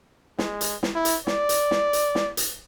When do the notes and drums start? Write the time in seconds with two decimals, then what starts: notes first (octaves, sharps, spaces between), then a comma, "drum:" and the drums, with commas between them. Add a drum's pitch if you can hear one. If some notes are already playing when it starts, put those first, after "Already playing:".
0.39 G#3, drum: snare
0.61 drum: hi-hat
0.83 drum: snare
0.95 E4
1.05 drum: hi-hat
1.27 D5, drum: snare
1.49 drum: hi-hat
1.71 drum: snare
1.93 drum: hi-hat
2.15 drum: snare
2.37 drum: hi-hat